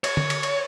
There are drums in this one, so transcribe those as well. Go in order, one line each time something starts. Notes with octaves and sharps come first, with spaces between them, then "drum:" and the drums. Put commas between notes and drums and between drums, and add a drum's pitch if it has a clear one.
C#5, drum: cymbal
drum: tom D3
drum: cymbal
drum: cymbal